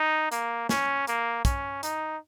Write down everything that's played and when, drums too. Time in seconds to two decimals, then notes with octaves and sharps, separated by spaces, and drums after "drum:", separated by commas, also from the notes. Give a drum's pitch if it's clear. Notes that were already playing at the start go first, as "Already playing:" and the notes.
Already playing: D#4
0.32 A#3, drum: hi-hat
0.69 C#4, drum: snare
1.07 A#3, drum: hi-hat
1.45 C#4, drum: kick, hi-hat
1.83 D#4, drum: hi-hat